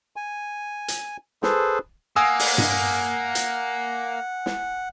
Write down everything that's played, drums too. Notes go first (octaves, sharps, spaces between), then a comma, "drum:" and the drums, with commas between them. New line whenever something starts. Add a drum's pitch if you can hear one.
G#5
drum: hi-hat
G#4 A4 B4 C5, drum: snare
A#3 F#5 G#5 D#6 E6
drum: open hi-hat
drum: tom G2
drum: hi-hat
drum: snare